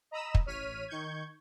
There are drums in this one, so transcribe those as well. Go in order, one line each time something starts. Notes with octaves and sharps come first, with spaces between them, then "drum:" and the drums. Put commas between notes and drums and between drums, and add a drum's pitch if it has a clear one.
D#5 A#5 B5 D#6 E6 E7
drum: kick
A1 C#5 F6 B6 D#7
D#3 C#6 G6 G#6